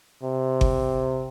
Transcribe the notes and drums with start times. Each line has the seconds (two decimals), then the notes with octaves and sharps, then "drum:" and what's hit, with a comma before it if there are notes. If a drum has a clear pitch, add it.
0.23 C3
0.61 drum: kick G1